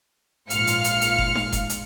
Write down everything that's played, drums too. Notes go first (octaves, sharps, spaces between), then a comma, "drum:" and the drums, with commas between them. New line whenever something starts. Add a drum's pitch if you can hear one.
A#1 G#2 F4 F5 F6 C#7, drum: hi-hat
drum: hi-hat
drum: hi-hat
drum: hi-hat
drum: kick F#1
drum: snare D#4
drum: kick F#1, hi-hat
drum: hi-hat